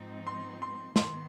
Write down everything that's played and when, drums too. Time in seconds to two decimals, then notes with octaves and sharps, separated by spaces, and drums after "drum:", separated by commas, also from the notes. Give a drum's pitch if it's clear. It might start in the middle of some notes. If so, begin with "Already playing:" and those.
Already playing: G#2 F3 C4 D#4
0.27 C6
0.62 C6
0.96 G#2 D#3 B3 C6, drum: snare